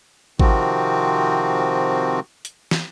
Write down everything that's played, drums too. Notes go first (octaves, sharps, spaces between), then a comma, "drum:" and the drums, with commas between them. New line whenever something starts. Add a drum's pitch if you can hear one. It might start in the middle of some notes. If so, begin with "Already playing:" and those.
C3 D#3 F3 C4 F#4, drum: kick G#1
drum: hi-hat
drum: snare